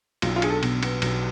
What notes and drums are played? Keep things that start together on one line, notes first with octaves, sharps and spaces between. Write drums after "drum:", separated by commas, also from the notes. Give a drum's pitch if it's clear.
B1 F4, drum: cymbal
F4
D4 G#4, drum: cymbal
A4
B2, drum: cymbal
B3, drum: cymbal
B1, drum: cymbal